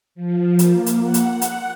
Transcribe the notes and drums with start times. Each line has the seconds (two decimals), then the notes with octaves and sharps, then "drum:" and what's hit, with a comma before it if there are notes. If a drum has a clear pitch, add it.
0.15 F3
0.59 A#3, drum: hi-hat
0.86 drum: hi-hat
1.01 F#5
1.14 drum: hi-hat
1.32 F#5
1.41 drum: hi-hat